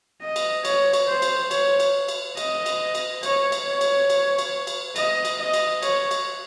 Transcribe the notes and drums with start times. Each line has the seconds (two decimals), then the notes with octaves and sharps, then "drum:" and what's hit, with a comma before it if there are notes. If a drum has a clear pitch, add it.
0.22 D#5
0.36 drum: cymbal
0.65 C#5, drum: cymbal
0.93 drum: cymbal
1.08 C5
1.22 drum: cymbal
1.51 C#5, drum: cymbal
1.80 drum: cymbal
2.08 drum: cymbal
2.37 D#5, drum: cymbal
2.66 drum: cymbal
2.95 drum: cymbal
3.23 C#5, drum: cymbal
3.52 drum: cymbal
3.67 C#5
3.81 drum: cymbal
4.10 drum: cymbal
4.38 drum: cymbal
4.67 drum: cymbal
4.96 D#5, drum: cymbal
5.25 drum: cymbal
5.39 D#5
5.53 drum: cymbal
5.83 C#5, drum: cymbal
6.11 drum: cymbal